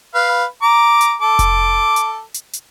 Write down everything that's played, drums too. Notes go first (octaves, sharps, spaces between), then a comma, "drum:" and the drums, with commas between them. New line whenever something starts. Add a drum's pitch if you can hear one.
B4 F5
A#5 D6
drum: hi-hat
A4 D6
drum: kick F1, hi-hat
drum: hi-hat
drum: hi-hat
drum: hi-hat